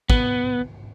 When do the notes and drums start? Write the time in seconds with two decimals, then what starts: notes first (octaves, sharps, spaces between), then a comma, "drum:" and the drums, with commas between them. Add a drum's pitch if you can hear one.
0.10 B3, drum: kick